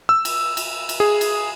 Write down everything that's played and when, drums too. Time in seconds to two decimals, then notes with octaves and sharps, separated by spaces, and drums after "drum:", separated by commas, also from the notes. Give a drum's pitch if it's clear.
0.09 E6
0.25 drum: cymbal
0.57 drum: cymbal
0.89 drum: cymbal
1.00 G#4
1.21 drum: cymbal